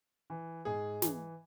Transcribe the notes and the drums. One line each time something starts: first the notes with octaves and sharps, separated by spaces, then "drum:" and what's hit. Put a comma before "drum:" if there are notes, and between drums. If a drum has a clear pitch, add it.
E3
G#2 G#4
E3, drum: snare